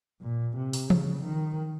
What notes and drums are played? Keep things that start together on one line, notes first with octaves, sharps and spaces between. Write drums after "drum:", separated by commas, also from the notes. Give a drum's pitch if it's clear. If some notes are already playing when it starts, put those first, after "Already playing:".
A#2
C3
drum: open hi-hat
C#3, drum: tom E3
D#3